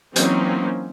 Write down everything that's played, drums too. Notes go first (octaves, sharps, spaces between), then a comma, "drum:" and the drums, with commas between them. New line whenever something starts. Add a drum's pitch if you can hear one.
E3 F#3 A#3 C4 C#4 D#4, drum: hi-hat